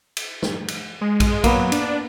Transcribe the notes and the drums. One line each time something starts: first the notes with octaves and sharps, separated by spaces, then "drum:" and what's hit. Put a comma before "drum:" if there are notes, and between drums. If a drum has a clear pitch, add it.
drum: cymbal
drum: snare
drum: cymbal
G#3
drum: kick A#1, cymbal
F#3 A#3 B3, drum: kick A#1, cymbal
D4, drum: cymbal